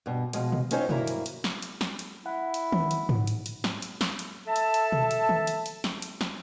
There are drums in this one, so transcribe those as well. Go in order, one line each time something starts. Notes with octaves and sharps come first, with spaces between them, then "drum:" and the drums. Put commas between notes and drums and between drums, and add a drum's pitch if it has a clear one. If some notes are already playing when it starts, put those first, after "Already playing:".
G2 B2
B2 F3 G#3, drum: hi-hat
drum: tom B2
C4 C#4 D#4 F4 C5 C#5, drum: hi-hat
G2 F#3 A#3 E4 A#5, drum: tom B2
drum: hi-hat
drum: hi-hat
drum: snare
drum: hi-hat
drum: snare
drum: hi-hat
E4 F#5
drum: hi-hat
drum: tom D#3
drum: hi-hat
drum: tom G#2
drum: hi-hat
drum: hi-hat
drum: snare
drum: hi-hat
drum: snare
drum: hi-hat
A4 E5 A5
drum: hi-hat
drum: hi-hat
drum: tom B2
drum: hi-hat
drum: tom D#3
drum: hi-hat
drum: hi-hat
drum: snare
drum: hi-hat
drum: snare